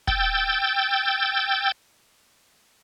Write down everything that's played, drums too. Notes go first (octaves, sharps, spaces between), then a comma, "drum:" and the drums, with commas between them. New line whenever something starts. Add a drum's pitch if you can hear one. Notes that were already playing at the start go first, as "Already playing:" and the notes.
G5 E6 G6 A6, drum: kick